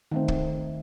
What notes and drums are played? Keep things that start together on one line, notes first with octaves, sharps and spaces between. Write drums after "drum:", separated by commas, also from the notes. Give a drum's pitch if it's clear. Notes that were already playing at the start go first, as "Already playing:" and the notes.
D#3 A3 C4
drum: kick